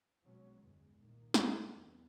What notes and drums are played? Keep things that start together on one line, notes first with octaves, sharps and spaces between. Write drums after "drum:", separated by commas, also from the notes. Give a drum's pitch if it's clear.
B2 F#3 G#3 C#4
G1 E2 G#3
C2 A#2 D#3 A#3
A#2 C4, drum: snare
E2 E3 G3 B3